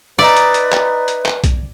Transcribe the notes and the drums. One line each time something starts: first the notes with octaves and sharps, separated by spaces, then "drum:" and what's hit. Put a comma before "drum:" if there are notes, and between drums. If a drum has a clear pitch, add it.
D#4 B4 D5 E5
drum: hi-hat
drum: hi-hat
drum: clap
drum: hi-hat
drum: clap
drum: kick B1, hi-hat